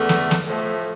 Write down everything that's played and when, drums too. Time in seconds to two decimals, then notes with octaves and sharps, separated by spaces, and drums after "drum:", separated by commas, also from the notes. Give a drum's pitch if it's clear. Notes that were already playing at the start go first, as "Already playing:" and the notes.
Already playing: E2 D3 A3
0.09 drum: snare
0.31 drum: snare
0.47 A2 F3 A3